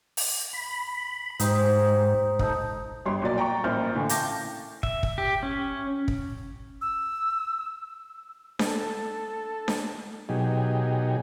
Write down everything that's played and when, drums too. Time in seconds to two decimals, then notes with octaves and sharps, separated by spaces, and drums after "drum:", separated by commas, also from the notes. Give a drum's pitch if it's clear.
0.17 drum: open hi-hat
0.53 B5
1.40 G#2 D#4 G4 C5, drum: hi-hat
2.39 D#4 A4, drum: kick
3.06 G1 G3 C#5 C6
3.22 B1 A#2 F#3 D5 A6
3.37 D5 G5 A#5 C#6
3.64 A1 A#2 E4 C5 F6 G6
3.95 A2 D3 E3
4.09 F5 G5 A5 D6 G6 A#6, drum: hi-hat
4.83 E5, drum: kick
5.03 drum: kick
5.18 G4
5.43 C#4
6.08 drum: kick
6.82 E6
8.59 A4, drum: snare D4
9.68 drum: snare D4
10.29 B2 F#3 D#4 G4 G#4